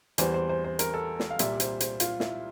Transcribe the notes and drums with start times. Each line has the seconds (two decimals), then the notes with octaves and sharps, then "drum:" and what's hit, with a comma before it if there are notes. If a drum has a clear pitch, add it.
0.18 E2 E3 G3 C5, drum: hi-hat
0.34 C5
0.49 C5
0.64 C5
0.79 A#4, drum: hi-hat
0.94 A4
1.20 drum: snare
1.30 F5
1.39 C2 A#2 G3 E5, drum: hi-hat
1.60 C5, drum: hi-hat
1.80 C5, drum: hi-hat
2.00 F4, drum: hi-hat
2.20 E4, drum: snare